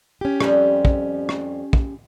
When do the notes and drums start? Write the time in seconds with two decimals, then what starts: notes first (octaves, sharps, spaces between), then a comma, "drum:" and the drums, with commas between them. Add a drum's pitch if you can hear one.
0.21 C#4 G4
0.40 F2 G3, drum: rim click
0.85 drum: kick
1.29 drum: rim click
1.73 drum: kick